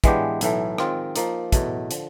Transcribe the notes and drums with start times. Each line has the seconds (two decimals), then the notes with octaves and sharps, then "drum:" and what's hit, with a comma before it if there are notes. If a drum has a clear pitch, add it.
0.04 E3 G#3 B3 D4 G4, drum: kick, hi-hat
0.41 B1 A2 E3 A3, drum: hi-hat
0.78 D#3 G#3 C4 F4, drum: rim click
1.16 F3 A#3 D#4, drum: hi-hat
1.52 E2 B2 F#3 A3, drum: kick, hi-hat
1.91 D3 F3, drum: hi-hat